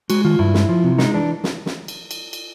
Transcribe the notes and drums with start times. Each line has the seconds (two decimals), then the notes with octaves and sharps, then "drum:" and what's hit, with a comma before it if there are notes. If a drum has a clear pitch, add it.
0.10 G#3 F#4, drum: cymbal
0.24 D#3 F4
0.39 G2 E4
0.54 G#3, drum: snare
0.69 F3
0.84 C3
0.98 G#3 D#4, drum: snare
1.14 E3 D4
1.44 drum: snare
1.66 drum: snare
1.88 drum: cymbal
2.11 drum: cymbal
2.33 drum: cymbal